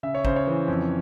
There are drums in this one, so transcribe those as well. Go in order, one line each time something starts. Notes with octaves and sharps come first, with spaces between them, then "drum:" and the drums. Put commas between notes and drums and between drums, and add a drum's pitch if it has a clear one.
C#3 E5
C#5
C#3 C5, drum: kick
C#5
E3
F2